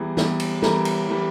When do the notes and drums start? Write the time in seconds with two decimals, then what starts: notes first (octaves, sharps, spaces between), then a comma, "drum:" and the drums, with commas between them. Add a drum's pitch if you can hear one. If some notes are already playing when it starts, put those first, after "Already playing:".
Already playing: E2 E3 G3 G#4
0.17 E2 E3 G3, drum: snare
0.40 drum: cymbal
0.62 E2 E3 G3 A#4, drum: snare
0.85 drum: cymbal
1.09 E3 G3